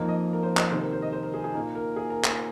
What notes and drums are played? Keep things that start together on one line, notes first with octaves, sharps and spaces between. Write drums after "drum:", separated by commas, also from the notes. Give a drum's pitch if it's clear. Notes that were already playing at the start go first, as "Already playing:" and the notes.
Already playing: F2 F3 A#3 D#4 A#4
D#5
A#4
C5
D#5, drum: clap
C3 D#3 C4 C5
A#4
C5
D#5
C5
A#4
G#4
G#4
A#2 A#3 D#4 A#4
A#4
G#4
A#4
drum: clap